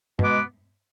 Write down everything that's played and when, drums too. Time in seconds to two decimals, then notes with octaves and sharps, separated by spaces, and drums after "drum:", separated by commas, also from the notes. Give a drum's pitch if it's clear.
0.19 B2 G#3 B3 D6, drum: tom